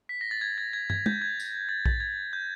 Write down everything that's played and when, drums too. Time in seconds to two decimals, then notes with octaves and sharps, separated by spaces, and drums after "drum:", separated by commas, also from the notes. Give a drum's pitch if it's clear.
0.09 B6
0.21 A#6
0.31 A6
0.41 G#6
0.58 G#6
0.73 G#6
0.90 G#6, drum: tom
1.06 G6, drum: tom
1.22 G#6
1.40 drum: tambourine
1.69 A6
1.86 A6, drum: kick A#1
2.00 G#6
2.33 G6